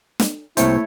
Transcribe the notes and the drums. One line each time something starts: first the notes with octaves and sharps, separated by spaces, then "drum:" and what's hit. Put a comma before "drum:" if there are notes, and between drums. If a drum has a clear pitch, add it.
drum: snare
C2 A3 A#3 C4 E4 C5 C#5, drum: hi-hat